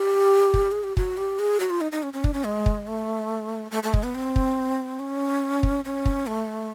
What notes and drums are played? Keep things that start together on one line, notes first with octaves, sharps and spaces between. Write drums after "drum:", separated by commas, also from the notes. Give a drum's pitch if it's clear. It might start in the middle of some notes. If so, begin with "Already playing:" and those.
Already playing: G4
drum: kick
G#4
G4
F#4, drum: kick
G4
G#4
F#4
F4
D#4
D#4
C#4
C#4
D4, drum: kick
C#4
G#3
drum: kick
A3
A3
A3
G#3, drum: kick
B3
C4
drum: kick
C#4
drum: kick
C#4
drum: kick
A3